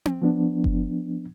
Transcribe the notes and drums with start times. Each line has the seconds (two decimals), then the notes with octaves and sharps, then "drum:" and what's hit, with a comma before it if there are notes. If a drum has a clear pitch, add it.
0.05 drum: tom C4
0.22 F3 B3 D4
0.64 drum: kick F#1